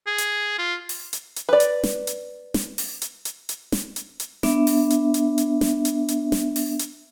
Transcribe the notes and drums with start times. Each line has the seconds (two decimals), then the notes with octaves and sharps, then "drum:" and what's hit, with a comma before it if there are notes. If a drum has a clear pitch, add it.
0.07 G#4
0.18 drum: hi-hat
0.59 F4
0.89 drum: open hi-hat
1.13 drum: hi-hat
1.36 drum: hi-hat
1.49 B4 D5
1.60 drum: hi-hat
1.84 drum: snare
2.07 drum: hi-hat
2.54 drum: snare
2.78 drum: open hi-hat
3.02 drum: hi-hat
3.25 drum: hi-hat
3.49 drum: hi-hat
3.72 drum: snare
3.96 drum: hi-hat
4.20 drum: hi-hat
4.43 B3 D4 E5, drum: snare
4.67 drum: open hi-hat
4.90 drum: hi-hat
5.14 drum: hi-hat
5.38 drum: hi-hat
5.61 drum: snare
5.85 drum: hi-hat
6.08 drum: hi-hat
6.32 drum: snare
6.56 drum: open hi-hat
6.79 drum: hi-hat